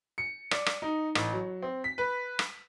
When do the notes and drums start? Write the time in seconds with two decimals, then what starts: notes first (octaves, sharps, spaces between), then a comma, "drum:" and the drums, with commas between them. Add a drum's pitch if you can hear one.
0.18 C#7
0.51 D5, drum: rim click
0.66 drum: rim click
0.82 D#4
1.15 A1, drum: rim click
1.33 F#3
1.62 C4
1.84 B6
1.98 B4
2.39 drum: rim click